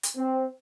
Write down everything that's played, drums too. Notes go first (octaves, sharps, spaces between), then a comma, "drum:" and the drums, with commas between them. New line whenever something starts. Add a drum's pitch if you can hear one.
drum: hi-hat
C4